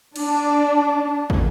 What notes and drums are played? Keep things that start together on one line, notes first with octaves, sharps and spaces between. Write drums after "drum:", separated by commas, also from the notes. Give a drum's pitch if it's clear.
D4, drum: cymbal
drum: kick